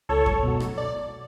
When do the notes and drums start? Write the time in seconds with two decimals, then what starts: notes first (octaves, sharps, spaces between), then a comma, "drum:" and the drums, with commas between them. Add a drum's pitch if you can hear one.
0.09 C#2 A4 C#5
0.26 drum: kick F2
0.43 B2 F#3
0.60 drum: rim click
0.78 D5